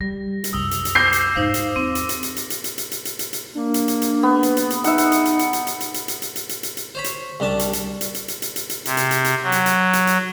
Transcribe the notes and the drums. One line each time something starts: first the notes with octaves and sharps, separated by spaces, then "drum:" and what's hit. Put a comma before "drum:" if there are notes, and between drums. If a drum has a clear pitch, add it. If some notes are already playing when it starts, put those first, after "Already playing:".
G3 A#6
drum: hi-hat
C2 F#2 D#6 E6 G7
drum: hi-hat
drum: hi-hat
D6 G6 A#6 C7
drum: hi-hat
F2 G#2 D#4 C5 F5
drum: hi-hat
E2 F3 C4
drum: hi-hat
drum: hi-hat
drum: hi-hat
drum: hi-hat
drum: hi-hat
drum: hi-hat
drum: hi-hat
drum: hi-hat
drum: hi-hat
drum: hi-hat
drum: hi-hat
A#3 D4
drum: hi-hat
drum: hi-hat
drum: hi-hat
B3
drum: hi-hat
drum: hi-hat
drum: hi-hat
D#4 E5 F#5 C#7, drum: hi-hat
drum: hi-hat
drum: hi-hat
drum: hi-hat
drum: hi-hat
drum: hi-hat
drum: hi-hat
drum: hi-hat
drum: hi-hat
drum: hi-hat
drum: hi-hat
drum: hi-hat
drum: hi-hat
drum: hi-hat
drum: hi-hat
C5 C#5 B5
drum: hi-hat
C2 G3 D4 A5
drum: hi-hat
drum: hi-hat
drum: hi-hat
drum: hi-hat
drum: hi-hat
drum: hi-hat
drum: hi-hat
drum: hi-hat
C3, drum: hi-hat
drum: hi-hat
drum: hi-hat
drum: hi-hat
F#3
drum: hi-hat
drum: hi-hat
drum: hi-hat
drum: hi-hat